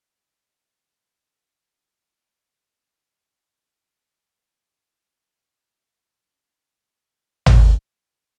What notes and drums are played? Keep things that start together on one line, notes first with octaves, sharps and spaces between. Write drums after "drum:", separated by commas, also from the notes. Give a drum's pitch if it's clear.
B1
F2
D#2
A#2
F#5
G#5 D#6
D#5
E4 D5 G#5
B3 C5 C#5 F#5
D4 G#4 B5
E5
C#4
C#6
drum: tom G#1